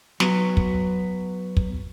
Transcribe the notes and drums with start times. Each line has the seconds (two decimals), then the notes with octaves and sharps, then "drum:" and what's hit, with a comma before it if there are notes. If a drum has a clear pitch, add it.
0.20 F#3 B3, drum: snare
0.57 drum: kick
1.57 drum: kick